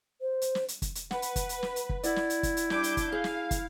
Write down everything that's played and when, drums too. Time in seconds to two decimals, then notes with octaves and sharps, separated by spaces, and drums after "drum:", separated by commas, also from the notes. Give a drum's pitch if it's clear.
0.21 C5
0.42 drum: hi-hat
0.55 drum: snare
0.68 drum: hi-hat
0.82 drum: kick, hi-hat
0.95 drum: hi-hat
1.11 B4 F#5, drum: snare
1.22 drum: hi-hat
1.36 drum: kick, hi-hat
1.49 drum: hi-hat
1.63 drum: snare
1.76 drum: hi-hat
1.89 drum: kick
2.03 E4 D5 F#5, drum: hi-hat
2.16 drum: snare
2.30 drum: hi-hat
2.43 drum: kick, hi-hat
2.57 drum: hi-hat
2.70 G3 D4 D6 G6, drum: snare
2.84 drum: hi-hat
2.97 drum: kick, hi-hat
3.12 G#4 F5
3.24 drum: snare
3.51 drum: kick, hi-hat